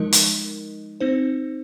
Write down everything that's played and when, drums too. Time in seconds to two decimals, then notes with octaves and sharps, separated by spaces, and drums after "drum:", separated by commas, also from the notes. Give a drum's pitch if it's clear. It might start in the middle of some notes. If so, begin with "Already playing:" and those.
Already playing: F3 G#3 D#4 A#4 D#5
0.13 drum: hi-hat
1.00 C4 D#4 C5